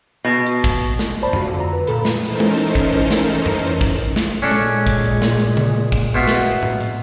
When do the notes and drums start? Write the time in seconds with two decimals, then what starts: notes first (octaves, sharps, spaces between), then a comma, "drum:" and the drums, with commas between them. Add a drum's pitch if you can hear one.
0.25 B2
0.46 drum: hi-hat
0.64 drum: kick, hi-hat
0.82 drum: hi-hat
0.99 drum: snare
1.22 C5 D5 A5 B5
1.33 F4 F#4, drum: tom F2
1.48 D3
1.60 A#5 E6
1.73 B4
1.87 A#2 A4 B5, drum: hi-hat
2.05 drum: snare
2.25 E3 C#4 D#4 A4 A#4 C5, drum: hi-hat
2.40 drum: tom G#3
2.58 drum: hi-hat
2.75 drum: kick, hi-hat
2.93 drum: hi-hat
3.11 drum: snare
3.28 drum: hi-hat
3.46 drum: tom F2
3.63 drum: hi-hat
3.81 drum: kick, hi-hat
3.99 drum: hi-hat
4.16 drum: snare
4.42 A#2 G#3 C#4 D4 A4
4.51 drum: tom G#3
4.87 drum: kick, hi-hat
5.04 drum: hi-hat
5.22 drum: snare
5.39 drum: hi-hat
5.57 drum: tom C#3
5.92 drum: kick, hi-hat
6.15 B2 F4 E5
6.27 drum: snare
6.45 drum: hi-hat
6.63 drum: tom A2
6.80 drum: hi-hat